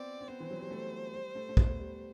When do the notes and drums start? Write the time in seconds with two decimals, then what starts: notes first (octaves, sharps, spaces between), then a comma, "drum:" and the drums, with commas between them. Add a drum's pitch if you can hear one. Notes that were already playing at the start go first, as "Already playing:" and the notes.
Already playing: B3 C4 D5
0.21 C4
0.28 B3 C5
0.40 E3
0.51 F#3
0.61 G3
0.71 A3
1.14 G3
1.35 A3
1.49 A3
1.57 B3, drum: kick
1.79 G3